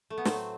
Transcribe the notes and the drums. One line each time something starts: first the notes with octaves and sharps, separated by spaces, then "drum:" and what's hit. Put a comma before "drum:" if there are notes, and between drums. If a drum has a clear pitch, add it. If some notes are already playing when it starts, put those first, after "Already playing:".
A3
B3
A2 F#3 A3 C4, drum: snare